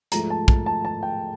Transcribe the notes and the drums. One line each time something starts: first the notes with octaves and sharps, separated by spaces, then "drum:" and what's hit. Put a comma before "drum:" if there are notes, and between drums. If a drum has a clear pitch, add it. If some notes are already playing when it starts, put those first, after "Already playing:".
G#2 F3 A3 A#5, drum: hi-hat
A5
A5, drum: kick
A5
A5
G5